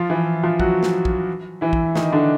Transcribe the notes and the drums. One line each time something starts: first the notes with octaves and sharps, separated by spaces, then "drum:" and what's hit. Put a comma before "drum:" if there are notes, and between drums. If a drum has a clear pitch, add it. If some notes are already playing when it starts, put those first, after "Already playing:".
Already playing: F3 F4
E3 E4
F3 F4
F#3 F#4, drum: kick
drum: snare
drum: kick
E3 E4
drum: kick
D#3 D#4, drum: snare
D3 D4